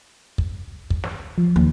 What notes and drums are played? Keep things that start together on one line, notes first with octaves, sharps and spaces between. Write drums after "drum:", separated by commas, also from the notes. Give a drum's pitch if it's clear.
drum: kick
drum: kick
drum: snare
F3
D#2